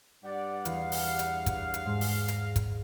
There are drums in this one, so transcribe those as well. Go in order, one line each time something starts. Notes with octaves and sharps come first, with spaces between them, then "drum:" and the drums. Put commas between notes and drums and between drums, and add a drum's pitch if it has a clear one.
G2 G3 D5 F#5
E2 F5, drum: hi-hat
drum: open hi-hat
drum: hi-hat
drum: kick, hi-hat
drum: hi-hat
G#2
drum: open hi-hat
A#6 C7, drum: hi-hat
drum: kick, hi-hat